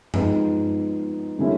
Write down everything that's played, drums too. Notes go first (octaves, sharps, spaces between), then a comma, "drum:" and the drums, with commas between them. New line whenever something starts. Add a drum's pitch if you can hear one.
F3 G#3 B3 D#4, drum: tom G2
D3 G3 A#3 C#4 E4